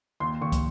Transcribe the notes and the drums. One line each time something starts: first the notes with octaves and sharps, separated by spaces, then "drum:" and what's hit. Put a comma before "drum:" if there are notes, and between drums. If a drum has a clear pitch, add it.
D#2 C6
D#2 C#6
drum: kick, hi-hat